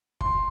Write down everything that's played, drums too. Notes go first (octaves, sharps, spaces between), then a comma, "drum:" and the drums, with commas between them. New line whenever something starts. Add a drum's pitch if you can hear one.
C6, drum: kick